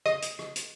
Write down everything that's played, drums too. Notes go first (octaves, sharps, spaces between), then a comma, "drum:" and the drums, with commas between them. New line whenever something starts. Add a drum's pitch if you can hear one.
D#5, drum: rim click
drum: hi-hat
drum: rim click
drum: hi-hat